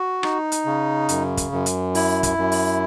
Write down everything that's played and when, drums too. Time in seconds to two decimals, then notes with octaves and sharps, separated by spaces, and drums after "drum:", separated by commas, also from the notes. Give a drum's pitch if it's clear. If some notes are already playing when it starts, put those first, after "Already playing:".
Already playing: F#4
0.23 D#4, drum: rim click
0.52 drum: hi-hat
0.66 C#3
1.09 F#2, drum: hi-hat
1.37 drum: kick, hi-hat
1.52 F#2
1.66 drum: hi-hat
1.95 E4, drum: open hi-hat
2.23 drum: kick, hi-hat
2.37 F#2
2.52 drum: open hi-hat